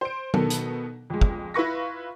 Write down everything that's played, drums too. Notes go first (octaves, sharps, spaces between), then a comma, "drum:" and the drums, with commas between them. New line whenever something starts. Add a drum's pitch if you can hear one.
C5 D7
B2 D#3 B3 A4, drum: tom
drum: hi-hat
F2 G#3
drum: kick
E4 F4 B4 C#6 A#6